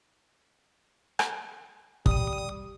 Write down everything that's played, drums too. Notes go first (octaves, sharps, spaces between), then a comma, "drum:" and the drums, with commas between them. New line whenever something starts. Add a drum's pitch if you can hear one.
drum: rim click
G3 D#6, drum: kick